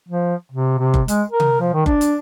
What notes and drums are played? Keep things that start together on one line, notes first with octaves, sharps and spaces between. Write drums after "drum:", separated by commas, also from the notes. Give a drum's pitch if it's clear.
F3
C3
C3
drum: kick F#1
G#3, drum: hi-hat
A#4
drum: tom C3
F3
D#3
D4, drum: kick F#1
drum: hi-hat